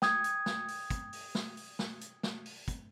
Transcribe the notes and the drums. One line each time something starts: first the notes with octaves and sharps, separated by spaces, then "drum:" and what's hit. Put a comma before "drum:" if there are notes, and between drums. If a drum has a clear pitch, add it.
G5 D#6 G#6, drum: snare
drum: hi-hat
drum: snare
drum: open hi-hat
drum: kick, hi-hat
drum: open hi-hat
drum: snare
drum: open hi-hat
drum: snare
drum: hi-hat
drum: snare
drum: open hi-hat
drum: kick, hi-hat